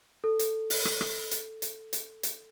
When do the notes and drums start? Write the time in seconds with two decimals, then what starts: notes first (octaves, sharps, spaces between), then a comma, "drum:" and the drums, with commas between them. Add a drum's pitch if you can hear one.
0.24 A4
0.39 drum: hi-hat
0.70 drum: open hi-hat
0.85 drum: rim click
1.01 drum: rim click
1.31 drum: hi-hat
1.62 drum: hi-hat
1.93 drum: hi-hat
2.23 drum: hi-hat